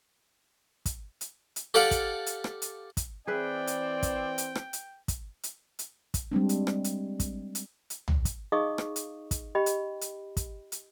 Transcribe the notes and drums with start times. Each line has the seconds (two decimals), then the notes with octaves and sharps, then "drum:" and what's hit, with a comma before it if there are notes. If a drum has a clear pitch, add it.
0.86 drum: kick, hi-hat
1.21 drum: hi-hat
1.56 drum: hi-hat
1.74 G4 A4 D5 F5 F#5
1.91 drum: kick, hi-hat
2.26 drum: hi-hat
2.44 drum: rim click
2.62 drum: hi-hat
2.97 drum: kick, hi-hat
3.27 E3 C4 G#4 B4 D5 E5 G5
3.67 drum: hi-hat
4.03 drum: kick, hi-hat
4.38 drum: hi-hat
4.55 drum: rim click
4.73 drum: hi-hat
5.08 drum: kick, hi-hat
5.43 drum: hi-hat
5.79 drum: hi-hat
6.14 drum: kick, hi-hat
6.32 G3 G#3 C4 D4
6.49 drum: hi-hat
6.67 drum: rim click
6.84 drum: hi-hat
7.20 drum: kick, hi-hat
7.55 drum: hi-hat
7.90 drum: hi-hat
8.08 drum: tom
8.25 drum: kick, hi-hat
8.52 D#4 G#4 D#5 F5 C#6 D#6
8.78 drum: rim click
8.96 drum: hi-hat
9.31 drum: kick, hi-hat
9.55 G4 D#5 G5 B5
9.66 drum: hi-hat
10.01 drum: hi-hat
10.37 drum: kick, hi-hat
10.72 drum: hi-hat